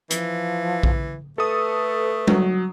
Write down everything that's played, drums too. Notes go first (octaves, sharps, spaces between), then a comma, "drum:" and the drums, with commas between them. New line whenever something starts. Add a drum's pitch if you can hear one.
E3 F3, drum: hi-hat
drum: kick A#1
A3 A4 B4 D#6
F#3, drum: tom G3